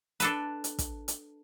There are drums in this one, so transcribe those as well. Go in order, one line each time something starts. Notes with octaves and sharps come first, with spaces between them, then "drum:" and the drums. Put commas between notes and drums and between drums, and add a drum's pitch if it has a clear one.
D4 A4 B4, drum: hi-hat
drum: hi-hat
drum: kick, hi-hat
drum: hi-hat